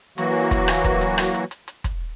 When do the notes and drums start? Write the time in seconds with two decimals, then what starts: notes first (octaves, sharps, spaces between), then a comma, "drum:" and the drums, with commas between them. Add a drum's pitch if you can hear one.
0.18 E3 F#3 A#3 F#4, drum: hi-hat
0.51 drum: kick, hi-hat
0.68 drum: rim click
0.84 drum: kick, hi-hat
1.01 drum: hi-hat
1.18 drum: rim click
1.34 drum: hi-hat
1.51 drum: hi-hat
1.68 drum: hi-hat
1.84 drum: kick, hi-hat